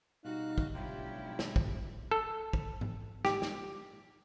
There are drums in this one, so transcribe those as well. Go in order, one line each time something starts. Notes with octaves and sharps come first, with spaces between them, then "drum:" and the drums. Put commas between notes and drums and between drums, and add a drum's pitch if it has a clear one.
B2 G3 D#4 F#4 F5 F#6
drum: kick
F#3 A3 D4 E4 F4 G4
drum: snare
drum: kick
A4
drum: kick
drum: tom G#2
G4, drum: snare
drum: snare